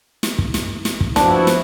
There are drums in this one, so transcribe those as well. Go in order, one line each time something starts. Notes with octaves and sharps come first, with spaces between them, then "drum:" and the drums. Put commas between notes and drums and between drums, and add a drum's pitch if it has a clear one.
drum: snare
drum: kick
drum: snare
drum: snare
drum: kick
F3 B3 D4 E4 F#4, drum: snare
drum: snare